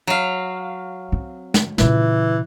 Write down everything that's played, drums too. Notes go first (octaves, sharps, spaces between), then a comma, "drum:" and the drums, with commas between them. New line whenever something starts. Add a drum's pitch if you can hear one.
F#3 F5
C4
drum: snare
A#2 C#3 E3, drum: snare